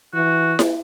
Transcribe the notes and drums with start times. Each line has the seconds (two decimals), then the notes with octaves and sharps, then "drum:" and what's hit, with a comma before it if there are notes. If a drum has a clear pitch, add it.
0.14 E3 F#4
0.59 drum: snare E4